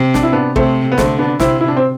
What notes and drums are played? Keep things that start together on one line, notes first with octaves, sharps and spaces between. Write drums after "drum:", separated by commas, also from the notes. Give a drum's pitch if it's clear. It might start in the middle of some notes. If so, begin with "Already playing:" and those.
Already playing: C3
D4, drum: snare
E4
B3 D4
C3 A3 C4, drum: kick
B3
D3 A3 C4, drum: snare
B3 D4
C3 C4 E4, drum: snare
E4
D4
C4